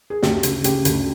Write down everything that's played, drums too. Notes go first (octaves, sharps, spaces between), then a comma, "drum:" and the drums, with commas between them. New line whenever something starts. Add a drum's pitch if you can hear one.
G#4
D2 G4, drum: snare
C#3, drum: hi-hat
C#3 G4, drum: hi-hat
D2, drum: hi-hat